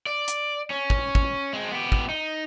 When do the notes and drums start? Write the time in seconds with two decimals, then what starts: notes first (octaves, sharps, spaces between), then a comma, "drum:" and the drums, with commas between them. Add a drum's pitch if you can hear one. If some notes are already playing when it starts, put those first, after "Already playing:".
0.06 D5
0.28 drum: hi-hat
0.70 C#4
0.90 drum: kick
1.15 drum: kick
1.53 G#3 C4
1.71 B3 G4
1.92 drum: kick
2.09 D#4